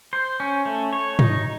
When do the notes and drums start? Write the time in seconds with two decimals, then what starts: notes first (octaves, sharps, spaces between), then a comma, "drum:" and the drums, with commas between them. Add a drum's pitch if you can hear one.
0.13 C5
0.40 C#4
0.66 A3
0.93 C#5
1.19 D#4, drum: tom